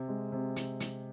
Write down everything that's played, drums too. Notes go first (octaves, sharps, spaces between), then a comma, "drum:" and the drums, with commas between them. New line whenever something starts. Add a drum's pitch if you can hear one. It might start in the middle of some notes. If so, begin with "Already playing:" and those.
Already playing: C3
G#3
C3
drum: hi-hat
drum: hi-hat